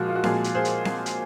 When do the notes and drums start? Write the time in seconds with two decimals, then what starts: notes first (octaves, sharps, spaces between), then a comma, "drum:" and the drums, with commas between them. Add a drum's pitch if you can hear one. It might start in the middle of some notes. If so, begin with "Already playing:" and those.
Already playing: A#2 F3 G#3 F#4
0.09 F4
0.16 F#4
0.24 A#2 F3 G#3 F4 G#4, drum: snare C4
0.44 drum: hi-hat
0.55 G#4 C5
0.65 drum: hi-hat
0.85 drum: snare C4
1.06 drum: hi-hat